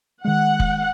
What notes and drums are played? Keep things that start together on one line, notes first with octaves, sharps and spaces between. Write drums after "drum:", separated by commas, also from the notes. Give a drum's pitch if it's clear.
D#3 G#3 F#5
drum: kick F1